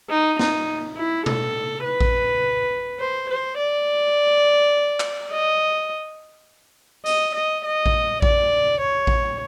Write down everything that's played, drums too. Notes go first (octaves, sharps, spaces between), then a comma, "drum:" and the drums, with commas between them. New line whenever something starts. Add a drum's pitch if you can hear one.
D#4
D#4, drum: snare
E4
A4, drum: tom B2
B4
drum: kick A1
C5
C5
D5
drum: clap
D#5
D#5, drum: hi-hat
D#5
D#5
drum: kick A1
D5, drum: kick A1
C#5
drum: kick A1